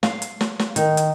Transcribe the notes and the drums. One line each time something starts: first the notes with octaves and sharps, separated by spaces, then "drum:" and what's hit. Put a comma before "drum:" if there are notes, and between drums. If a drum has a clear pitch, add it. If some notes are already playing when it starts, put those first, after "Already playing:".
F5, drum: snare
drum: hi-hat
drum: snare
drum: snare
D#3, drum: hi-hat
drum: hi-hat